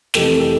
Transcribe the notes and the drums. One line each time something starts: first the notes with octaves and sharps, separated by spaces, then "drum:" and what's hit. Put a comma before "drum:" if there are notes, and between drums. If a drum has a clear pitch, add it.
F1 F2 C3 E3 G4 A4, drum: snare
G4 A4